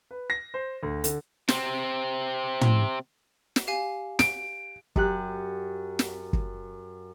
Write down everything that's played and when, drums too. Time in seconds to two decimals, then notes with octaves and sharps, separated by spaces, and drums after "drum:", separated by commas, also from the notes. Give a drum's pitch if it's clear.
0.11 B4
0.30 A#6
0.54 C5
0.83 D2
1.04 D3, drum: hi-hat
1.49 C3 C4, drum: snare
2.61 drum: tom
3.56 drum: snare
3.67 G4 F5 G#5
4.19 D7, drum: snare
4.96 F#2 G4 F#6, drum: kick
5.99 drum: snare
6.33 drum: kick